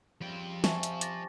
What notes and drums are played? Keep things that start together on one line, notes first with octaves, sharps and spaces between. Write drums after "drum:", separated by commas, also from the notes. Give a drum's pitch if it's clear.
C#3 F3 G3 G5
C3 G#5 A5 C#6, drum: snare
drum: hi-hat
D6 A6 A#6, drum: hi-hat